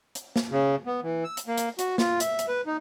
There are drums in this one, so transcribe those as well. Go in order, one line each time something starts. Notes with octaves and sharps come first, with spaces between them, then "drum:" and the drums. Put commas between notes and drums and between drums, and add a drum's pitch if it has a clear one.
drum: hi-hat
drum: snare
C#3
B3
E3
E6
drum: hi-hat
A#3
drum: hi-hat
F#4, drum: hi-hat
F4, drum: snare
E5, drum: hi-hat
drum: hi-hat
B4
D#4